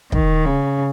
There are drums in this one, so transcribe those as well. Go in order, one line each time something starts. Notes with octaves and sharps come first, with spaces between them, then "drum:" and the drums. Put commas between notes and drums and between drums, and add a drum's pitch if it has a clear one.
D#3, drum: kick
C#3